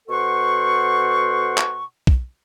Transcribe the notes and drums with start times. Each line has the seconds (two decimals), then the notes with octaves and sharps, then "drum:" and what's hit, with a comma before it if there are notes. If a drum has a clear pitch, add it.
0.08 B2 A4 C5 F#5 C6 C#6
1.58 drum: clap
2.07 drum: kick